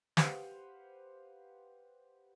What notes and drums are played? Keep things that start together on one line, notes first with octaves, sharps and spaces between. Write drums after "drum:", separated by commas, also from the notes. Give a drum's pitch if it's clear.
G4 B4 C5 F5 F#5, drum: snare